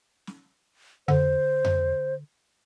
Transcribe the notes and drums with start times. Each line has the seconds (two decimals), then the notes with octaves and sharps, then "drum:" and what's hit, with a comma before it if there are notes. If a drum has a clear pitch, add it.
0.27 drum: snare
1.08 D3 C5, drum: tom F2
1.64 drum: tom F2